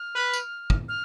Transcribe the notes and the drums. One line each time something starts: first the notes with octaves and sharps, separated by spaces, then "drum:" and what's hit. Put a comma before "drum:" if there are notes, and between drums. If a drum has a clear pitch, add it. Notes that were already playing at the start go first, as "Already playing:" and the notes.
Already playing: F6
B4
drum: tambourine
drum: kick
F6